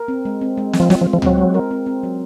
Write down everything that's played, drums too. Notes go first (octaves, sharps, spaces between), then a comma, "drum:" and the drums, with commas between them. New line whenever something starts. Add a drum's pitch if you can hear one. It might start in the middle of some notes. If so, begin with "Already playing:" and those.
Already playing: A#4
C4
G#3
C4
G#3
C4, drum: snare
F3
F#3 F4, drum: snare
F3
G#3
F3
F#3 C4, drum: tom C#2
G#3
A#4
C4
C4
F#3